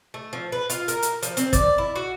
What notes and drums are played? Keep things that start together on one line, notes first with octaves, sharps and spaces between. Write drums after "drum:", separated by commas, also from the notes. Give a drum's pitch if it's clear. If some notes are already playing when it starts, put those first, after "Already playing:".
A3
F3
B4
F4, drum: hi-hat
A#4, drum: hi-hat
drum: hi-hat
F3, drum: hi-hat
C4, drum: hi-hat
D5, drum: kick, hi-hat
E4
F#4